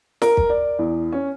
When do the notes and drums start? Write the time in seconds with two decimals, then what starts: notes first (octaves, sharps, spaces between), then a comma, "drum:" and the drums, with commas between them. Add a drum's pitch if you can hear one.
0.22 A#4, drum: snare
0.37 drum: kick
0.50 D5
0.79 E2
1.13 C#4